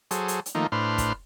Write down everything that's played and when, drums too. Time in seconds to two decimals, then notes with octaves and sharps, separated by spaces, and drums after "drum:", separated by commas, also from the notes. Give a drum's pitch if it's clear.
0.11 F#3 G#4 A4 C5, drum: hi-hat
0.28 drum: hi-hat
0.46 drum: hi-hat
0.55 D#3 F3 A3 A#3 D#4
0.72 A2 D4 B4 C5 C6 F6
0.98 drum: kick, hi-hat